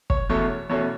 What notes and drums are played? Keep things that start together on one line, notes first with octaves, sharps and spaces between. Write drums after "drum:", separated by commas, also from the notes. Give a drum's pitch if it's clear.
C#5, drum: kick
E2 B2 A3 C#4 C#5
E2 B2 A3 C#4 C#5